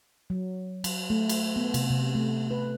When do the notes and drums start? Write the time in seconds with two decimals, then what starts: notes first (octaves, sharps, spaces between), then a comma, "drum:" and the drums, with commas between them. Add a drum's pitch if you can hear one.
0.30 F#3
0.84 F#3, drum: cymbal
1.10 A3
1.29 drum: cymbal
1.56 B3
1.74 C3, drum: cymbal
1.90 C3
2.15 A3
2.51 B4